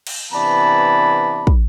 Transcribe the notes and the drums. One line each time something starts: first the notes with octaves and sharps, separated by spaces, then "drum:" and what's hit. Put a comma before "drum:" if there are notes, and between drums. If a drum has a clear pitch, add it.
drum: cymbal
C3 E3 B3 D4 A5 B5
drum: kick